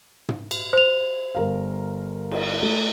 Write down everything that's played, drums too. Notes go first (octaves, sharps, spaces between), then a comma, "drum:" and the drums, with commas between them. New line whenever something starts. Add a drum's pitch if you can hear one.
drum: tom
drum: cymbal
C5 F7
G1 A#4 F5
drum: cymbal
A3